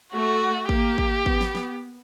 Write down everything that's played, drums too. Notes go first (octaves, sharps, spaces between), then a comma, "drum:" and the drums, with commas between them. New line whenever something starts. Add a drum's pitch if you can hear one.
A3 F#4
A#3 G4, drum: kick
drum: kick
B3, drum: kick
drum: snare
drum: snare